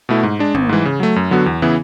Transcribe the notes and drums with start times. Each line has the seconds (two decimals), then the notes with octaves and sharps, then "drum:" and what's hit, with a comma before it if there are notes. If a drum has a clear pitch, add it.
0.09 B2 A3 E4
0.23 G#2
0.39 G#3 D4
0.54 G#1, drum: tom
0.69 G#2 E3
0.85 C#3
1.00 F#3 A3
1.16 F#2
1.31 D3 F#3 B3 F#4
1.46 E2
1.62 C#3 E3 B3 E4